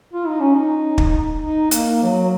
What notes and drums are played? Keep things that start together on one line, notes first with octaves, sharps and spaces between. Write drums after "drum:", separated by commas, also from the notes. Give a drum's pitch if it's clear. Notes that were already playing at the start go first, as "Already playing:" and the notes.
F4
D#4
C#4
D#4
drum: kick
D#4
A#3, drum: hi-hat
F#3